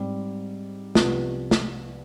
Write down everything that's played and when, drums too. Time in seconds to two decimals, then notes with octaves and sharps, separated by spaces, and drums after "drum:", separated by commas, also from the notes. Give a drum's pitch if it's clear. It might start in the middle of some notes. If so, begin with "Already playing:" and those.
Already playing: G#2 G3 C4
0.95 C2 C3 F3 B3, drum: snare
1.51 drum: snare